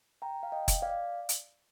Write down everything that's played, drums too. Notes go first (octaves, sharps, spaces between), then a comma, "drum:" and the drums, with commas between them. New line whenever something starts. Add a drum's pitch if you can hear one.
G5 A#5
F5
D#5 G5
drum: kick, hi-hat
D5 F5
drum: hi-hat